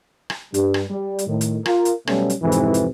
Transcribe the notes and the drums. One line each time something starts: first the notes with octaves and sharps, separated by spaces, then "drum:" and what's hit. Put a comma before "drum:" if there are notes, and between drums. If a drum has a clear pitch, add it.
drum: rim click
G2 G3, drum: hi-hat
drum: rim click
G3
drum: hi-hat
A2 D#3
drum: hi-hat
F4 A#4, drum: rim click
drum: hi-hat
B2 F#3 G3 A3 B3 C#4, drum: rim click
drum: hi-hat
F2 G#2 C3 E3
drum: hi-hat
drum: hi-hat